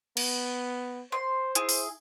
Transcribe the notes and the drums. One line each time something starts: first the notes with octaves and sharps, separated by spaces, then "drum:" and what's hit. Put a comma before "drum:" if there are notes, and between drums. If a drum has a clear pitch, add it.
B3, drum: cymbal
C5 C6
E4 G#4, drum: hi-hat
drum: open hi-hat